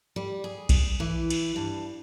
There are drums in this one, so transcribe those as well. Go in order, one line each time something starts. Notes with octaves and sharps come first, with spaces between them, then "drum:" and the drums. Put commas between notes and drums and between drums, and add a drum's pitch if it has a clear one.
G3
G#4
drum: kick B1, cymbal
E3
drum: cymbal
G2